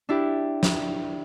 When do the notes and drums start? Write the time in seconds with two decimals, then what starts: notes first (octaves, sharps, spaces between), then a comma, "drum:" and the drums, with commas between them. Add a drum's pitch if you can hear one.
0.09 D4 E4 G4
0.63 drum: snare